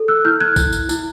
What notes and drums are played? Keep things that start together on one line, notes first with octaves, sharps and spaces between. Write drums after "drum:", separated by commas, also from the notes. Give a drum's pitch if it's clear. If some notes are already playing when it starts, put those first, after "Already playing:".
Already playing: A4
E6 F#6
E4 F6 G6
F#6 G#6
E4, drum: kick A#1, tambourine
drum: tambourine
E4, drum: tambourine